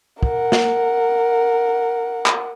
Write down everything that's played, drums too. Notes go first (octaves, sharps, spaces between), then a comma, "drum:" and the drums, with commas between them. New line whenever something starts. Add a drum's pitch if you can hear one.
A#4 F#5, drum: kick
drum: snare
drum: clap